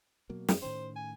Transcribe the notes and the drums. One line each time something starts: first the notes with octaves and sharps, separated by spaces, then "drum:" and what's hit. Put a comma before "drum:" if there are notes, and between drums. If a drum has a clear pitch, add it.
B2 F#3 A#3
F#2, drum: snare
A2 D#3 C#4 C5
G#5